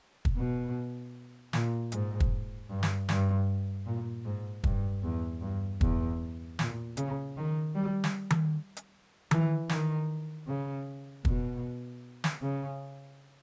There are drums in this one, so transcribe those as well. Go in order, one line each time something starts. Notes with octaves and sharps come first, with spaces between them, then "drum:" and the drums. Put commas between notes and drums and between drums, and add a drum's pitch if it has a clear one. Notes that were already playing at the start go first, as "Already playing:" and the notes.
drum: kick
B2
A#2, drum: snare
G#2, drum: hi-hat
drum: kick
G2
drum: snare
G2, drum: snare
A#2
G#2
G2, drum: kick
E2
G2
E2, drum: kick
A#2, drum: snare
C#3, drum: hi-hat
D#3
G3
drum: snare
drum: tom D#3
drum: hi-hat
E3, drum: tom D#3
D#3, drum: snare
C#3
B2, drum: kick
drum: snare
C#3